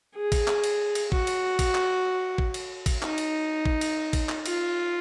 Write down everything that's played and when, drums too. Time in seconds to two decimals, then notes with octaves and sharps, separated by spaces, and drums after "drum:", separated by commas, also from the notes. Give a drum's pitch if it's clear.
0.15 G#4
0.32 drum: kick A1, cymbal
0.48 drum: clap
0.64 drum: cymbal
0.95 drum: cymbal
1.12 F#4, drum: kick A1
1.27 drum: cymbal
1.59 drum: kick A1, cymbal
1.75 drum: clap
2.38 drum: kick A1
2.54 drum: cymbal
2.86 drum: kick A1, cymbal
3.03 D#4, drum: clap
3.18 drum: cymbal
3.66 drum: kick A1
3.81 drum: cymbal
4.13 drum: kick A1, cymbal
4.29 drum: clap
4.46 F4, drum: cymbal